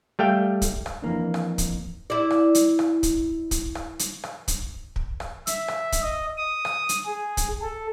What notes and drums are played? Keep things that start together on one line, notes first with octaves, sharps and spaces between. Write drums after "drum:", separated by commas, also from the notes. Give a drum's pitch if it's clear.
G3 A3 F5 G5
drum: kick, hi-hat
drum: rim click
F2 E3 A#3 D4
drum: rim click
drum: kick, hi-hat
E4 D5
drum: rim click
drum: hi-hat
drum: rim click
drum: kick, hi-hat
drum: kick, hi-hat
drum: rim click
drum: hi-hat
drum: rim click
drum: kick, hi-hat
drum: kick
drum: rim click
E5, drum: hi-hat
drum: rim click
drum: kick, hi-hat
D#5
D#6
drum: rim click
drum: hi-hat
G#4
drum: kick, hi-hat
A4